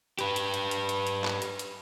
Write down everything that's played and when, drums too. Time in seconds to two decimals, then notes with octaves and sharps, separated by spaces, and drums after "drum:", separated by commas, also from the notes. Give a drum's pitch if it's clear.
0.19 G4 B4, drum: hi-hat
0.36 drum: hi-hat
0.54 drum: hi-hat
0.71 drum: hi-hat
0.89 drum: hi-hat
1.07 drum: hi-hat
1.24 drum: clap
1.42 drum: hi-hat
1.59 drum: hi-hat